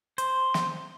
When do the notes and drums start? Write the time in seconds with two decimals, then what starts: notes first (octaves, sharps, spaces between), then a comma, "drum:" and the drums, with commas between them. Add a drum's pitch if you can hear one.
0.18 C5, drum: hi-hat
0.54 drum: snare